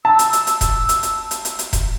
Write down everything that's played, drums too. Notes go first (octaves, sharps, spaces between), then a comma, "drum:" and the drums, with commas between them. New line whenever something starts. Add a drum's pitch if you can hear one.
A5 E6
drum: hi-hat
drum: hi-hat
drum: hi-hat
drum: kick E1, hi-hat
drum: hi-hat
drum: hi-hat
drum: hi-hat
drum: hi-hat
drum: hi-hat
drum: kick E1, hi-hat